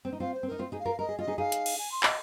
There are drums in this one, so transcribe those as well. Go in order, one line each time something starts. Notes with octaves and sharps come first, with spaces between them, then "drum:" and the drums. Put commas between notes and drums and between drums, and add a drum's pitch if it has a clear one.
C4
D#4
C4 F4 F5
C5
C4
D#4 A#4
C4 F4
D#4 G#4
F5
F4 A#4
A#4 D#5
G#4
F4 D#5
D#4 G#4
D#4 G#4 F5
drum: hi-hat
drum: cymbal
G#5
C6
D#5, drum: clap